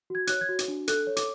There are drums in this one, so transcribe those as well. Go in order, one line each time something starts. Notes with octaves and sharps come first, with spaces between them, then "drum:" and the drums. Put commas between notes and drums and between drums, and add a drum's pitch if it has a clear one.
F#4 G#6
C#5 F#6, drum: hi-hat
G#6
F#4
drum: hi-hat
D4
A4 F#6, drum: hi-hat
C#5
D6, drum: hi-hat